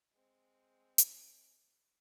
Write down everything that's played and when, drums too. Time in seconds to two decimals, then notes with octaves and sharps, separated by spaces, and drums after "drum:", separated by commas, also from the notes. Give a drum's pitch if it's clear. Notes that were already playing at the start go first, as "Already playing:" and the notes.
0.13 G#3 C4
0.98 drum: hi-hat